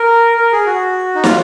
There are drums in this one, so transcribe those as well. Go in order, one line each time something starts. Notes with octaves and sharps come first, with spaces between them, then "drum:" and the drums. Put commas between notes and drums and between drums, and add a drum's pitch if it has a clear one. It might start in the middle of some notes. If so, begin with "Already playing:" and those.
Already playing: A#4
A#4
G#4
F#4
D#4
F4, drum: snare